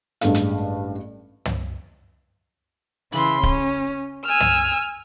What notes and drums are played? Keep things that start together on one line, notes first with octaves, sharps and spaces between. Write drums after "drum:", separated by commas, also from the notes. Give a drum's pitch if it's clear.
A1 G2 G#3 D4 A4 F5, drum: hi-hat
drum: hi-hat
drum: tom
C#3 E3 B5 C6, drum: open hi-hat
C#4, drum: kick D1
G#5 E6 F6
drum: tom